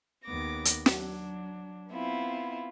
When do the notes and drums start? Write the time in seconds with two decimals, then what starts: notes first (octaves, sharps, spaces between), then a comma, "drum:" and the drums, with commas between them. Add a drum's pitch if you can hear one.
0.25 D#2 B3 D6 A#6
0.65 drum: hi-hat
0.86 F#3 D4, drum: snare
1.91 B3 C4 E4 F4